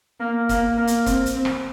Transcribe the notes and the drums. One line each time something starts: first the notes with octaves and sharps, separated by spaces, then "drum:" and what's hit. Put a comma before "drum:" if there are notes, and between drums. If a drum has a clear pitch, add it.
A#3
A#3, drum: kick, hi-hat
A#3
drum: hi-hat
C4, drum: kick, hi-hat
drum: hi-hat
C4
drum: rim click